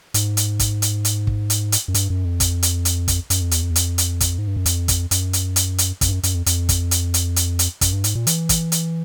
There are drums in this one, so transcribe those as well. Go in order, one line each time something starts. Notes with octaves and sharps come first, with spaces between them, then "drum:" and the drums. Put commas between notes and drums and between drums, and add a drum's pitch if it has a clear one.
G#2, drum: hi-hat
drum: hi-hat
drum: kick, hi-hat
drum: hi-hat
drum: hi-hat
drum: kick
drum: hi-hat
drum: hi-hat
F#2
G2, drum: hi-hat
F#2
F2
drum: kick, hi-hat
drum: hi-hat
drum: hi-hat
drum: kick, hi-hat
F#2, drum: hi-hat
F2
E2, drum: hi-hat
F2
E2
F2, drum: hi-hat
drum: hi-hat
drum: kick, hi-hat
G#2
G2
F#2
F2, drum: hi-hat
drum: kick, hi-hat
F#2, drum: hi-hat
drum: hi-hat
drum: hi-hat
drum: hi-hat
F2, drum: kick, hi-hat
G2
F#2
F#2, drum: hi-hat
F2
F2, drum: hi-hat
drum: kick, hi-hat
drum: hi-hat
drum: hi-hat
drum: hi-hat
drum: hi-hat
F#2, drum: kick, hi-hat
G2
G#2, drum: hi-hat
A#2
E3, drum: hi-hat
drum: kick, hi-hat
drum: hi-hat